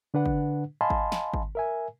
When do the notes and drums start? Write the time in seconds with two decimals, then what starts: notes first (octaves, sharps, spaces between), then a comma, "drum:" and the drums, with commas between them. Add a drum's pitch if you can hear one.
0.14 D3 D4 B4 F#5
0.26 drum: kick G#1
0.81 D#5 F5 G#5 A5 B5 C6
0.90 drum: kick G#1
1.12 drum: snare
1.34 drum: kick G#1
1.55 A#4 E5 G#5